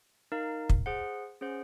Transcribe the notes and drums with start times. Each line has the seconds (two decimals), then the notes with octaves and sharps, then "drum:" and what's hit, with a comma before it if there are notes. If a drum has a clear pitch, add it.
0.32 D#4 A#4 F5
0.70 drum: kick
0.86 G#4 C5 F#5
1.41 C#4 G#4 C5 F#5